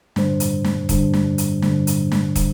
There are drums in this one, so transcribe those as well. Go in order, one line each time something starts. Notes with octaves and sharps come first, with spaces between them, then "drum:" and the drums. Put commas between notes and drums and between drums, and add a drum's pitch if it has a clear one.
G2 D3 G3 D4 C5, drum: snare
drum: hi-hat
drum: snare
G2 D3 G3 D4 C5, drum: kick, hi-hat
drum: snare
drum: hi-hat
G2 D3 G3 D4 C5, drum: snare
drum: hi-hat
drum: snare
D3 G3 D4 C5, drum: kick, hi-hat